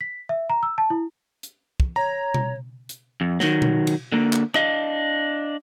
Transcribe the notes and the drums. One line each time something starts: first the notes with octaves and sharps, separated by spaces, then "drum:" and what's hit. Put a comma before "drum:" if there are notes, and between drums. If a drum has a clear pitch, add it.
B6
E5
A#5
E6
A5
E4
drum: hi-hat
drum: kick
C#5 A#5
drum: tom B2
drum: hi-hat
F2
D#3 F#3, drum: snare
drum: tom B2
drum: cymbal
D3 A#3
drum: clap
D4 D#5 F5, drum: rim click